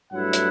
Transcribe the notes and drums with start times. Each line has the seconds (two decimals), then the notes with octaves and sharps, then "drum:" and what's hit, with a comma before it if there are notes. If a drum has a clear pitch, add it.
0.13 G2 F#3 A3 E4 F#5
0.33 drum: hi-hat